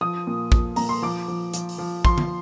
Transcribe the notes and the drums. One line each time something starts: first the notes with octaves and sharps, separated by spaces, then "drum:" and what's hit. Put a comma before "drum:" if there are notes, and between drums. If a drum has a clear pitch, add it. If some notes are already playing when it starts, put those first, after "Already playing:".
F3 D#6
A#2
F3, drum: kick
A#2 A#5, drum: open hi-hat
C6
F3 D6
F3
F3, drum: hi-hat
drum: open hi-hat
F3
F3 C6, drum: kick
drum: tom D3